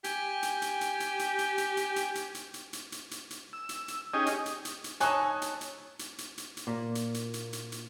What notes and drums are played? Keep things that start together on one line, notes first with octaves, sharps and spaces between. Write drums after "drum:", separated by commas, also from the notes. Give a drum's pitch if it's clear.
G4 G5 G#5, drum: hi-hat
drum: hi-hat
drum: hi-hat
drum: hi-hat
drum: hi-hat
drum: hi-hat
drum: hi-hat
drum: hi-hat
drum: hi-hat
drum: hi-hat
drum: hi-hat
drum: hi-hat
drum: hi-hat
drum: hi-hat
drum: hi-hat
drum: hi-hat
drum: hi-hat
E6
drum: hi-hat
drum: hi-hat
C#4 D#4 G4 G#4 D#5
drum: hi-hat
drum: hi-hat
drum: hi-hat
drum: hi-hat
D#4 A4 C#5 G#5 F#6, drum: hi-hat
drum: hi-hat
drum: hi-hat
drum: hi-hat
drum: hi-hat
drum: hi-hat
drum: hi-hat
A#2
drum: hi-hat
drum: hi-hat
drum: hi-hat
drum: hi-hat
drum: hi-hat